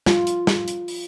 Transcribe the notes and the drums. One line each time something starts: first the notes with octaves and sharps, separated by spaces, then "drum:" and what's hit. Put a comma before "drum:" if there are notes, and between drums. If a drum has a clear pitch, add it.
F4, drum: snare
drum: hi-hat
drum: snare
drum: hi-hat
drum: open hi-hat